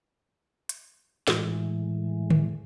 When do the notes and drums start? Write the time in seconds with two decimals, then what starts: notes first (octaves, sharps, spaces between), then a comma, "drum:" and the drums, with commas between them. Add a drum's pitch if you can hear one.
0.69 drum: hi-hat
1.28 A2 E3 G#3, drum: snare
2.30 drum: tom D3